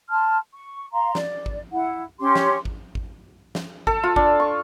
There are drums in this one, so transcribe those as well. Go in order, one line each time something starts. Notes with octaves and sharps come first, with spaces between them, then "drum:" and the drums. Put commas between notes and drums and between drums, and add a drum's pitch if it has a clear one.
A5 C6 F6
C#6
F5 A#5 C6
D5, drum: snare
drum: kick G#1
E4 F#5
C#4 G4 C6 D6
drum: snare
drum: kick G#1
drum: kick G#1
drum: snare
A4, drum: kick G#1
F4
D4, drum: kick G#1
C#6